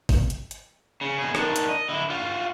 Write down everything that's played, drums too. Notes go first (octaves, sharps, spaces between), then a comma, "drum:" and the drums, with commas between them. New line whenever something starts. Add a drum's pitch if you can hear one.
drum: kick G#1, open hi-hat
drum: hi-hat
drum: hi-hat
C#3
B2 G#4
D#3 D4, drum: rim click
drum: hi-hat
D#5
D3 E4
F4 F#4